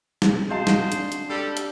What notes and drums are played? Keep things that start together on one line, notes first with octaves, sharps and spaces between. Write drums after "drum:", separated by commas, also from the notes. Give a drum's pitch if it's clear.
C4 C#4, drum: snare
G#3 F#4 G#4 C5 F5 A5
drum: snare
D4, drum: hi-hat
drum: hi-hat
G3 D4 G4 A4
drum: hi-hat